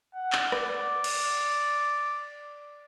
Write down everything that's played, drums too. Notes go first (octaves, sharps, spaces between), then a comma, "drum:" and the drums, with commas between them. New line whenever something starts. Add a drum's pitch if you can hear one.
F#5
drum: clap
D5, drum: rim click
drum: cymbal